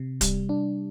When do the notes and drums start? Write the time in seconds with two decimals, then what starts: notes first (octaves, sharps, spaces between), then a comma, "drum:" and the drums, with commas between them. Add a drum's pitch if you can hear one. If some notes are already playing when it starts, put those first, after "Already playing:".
Already playing: C3
0.21 G3, drum: kick, hi-hat
0.49 D4